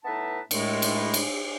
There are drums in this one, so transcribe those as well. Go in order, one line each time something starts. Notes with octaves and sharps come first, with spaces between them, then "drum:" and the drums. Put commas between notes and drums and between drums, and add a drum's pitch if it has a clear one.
A2 B3 D#4 B4 E5 A5
D#2 A2 G#3 A3, drum: cymbal
drum: cymbal
drum: cymbal